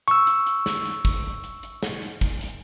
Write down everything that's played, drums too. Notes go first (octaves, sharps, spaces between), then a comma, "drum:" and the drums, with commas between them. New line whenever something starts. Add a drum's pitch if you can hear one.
C#6 E6, drum: hi-hat
drum: hi-hat
drum: hi-hat
drum: snare
drum: hi-hat
drum: kick, hi-hat
drum: hi-hat
drum: hi-hat
drum: snare
drum: hi-hat
drum: kick, hi-hat
drum: hi-hat